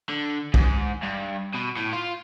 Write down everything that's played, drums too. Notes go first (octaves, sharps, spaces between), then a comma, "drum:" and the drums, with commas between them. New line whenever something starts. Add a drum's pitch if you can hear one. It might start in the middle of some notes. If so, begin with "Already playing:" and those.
D3
G#2, drum: kick
G2
B2
A2
F4